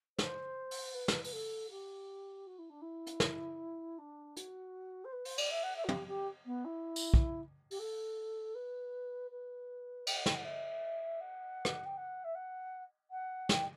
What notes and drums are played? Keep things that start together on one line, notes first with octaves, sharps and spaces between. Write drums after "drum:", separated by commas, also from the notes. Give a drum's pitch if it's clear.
C5, drum: snare
drum: open hi-hat
B4
drum: snare
B4, drum: open hi-hat
A4
G4
F#4
E4
D4
E4
drum: hi-hat
drum: snare
D4
F#4, drum: hi-hat
C5
B4
C5, drum: open hi-hat
D5, drum: cymbal
E5
F#5
E5
F#4
G4, drum: tom
G4
B3
E4
drum: tambourine
drum: kick
G4, drum: open hi-hat
A4
B4
B4
G5, drum: cymbal
F#5
G5, drum: snare
F#5
E5
F#5
drum: rim click
G5
F#5
E5
F#5
F#5
G5, drum: snare